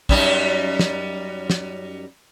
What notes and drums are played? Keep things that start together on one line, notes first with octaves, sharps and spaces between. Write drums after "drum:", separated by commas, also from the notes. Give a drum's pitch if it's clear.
F#2 G3 D#4, drum: kick
drum: snare
drum: snare